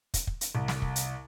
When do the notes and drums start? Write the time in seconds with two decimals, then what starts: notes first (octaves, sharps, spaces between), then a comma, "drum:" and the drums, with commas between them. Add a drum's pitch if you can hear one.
0.14 drum: kick, hi-hat
0.27 drum: kick
0.41 drum: hi-hat
0.55 C2
0.68 drum: snare
0.82 drum: kick
0.96 drum: hi-hat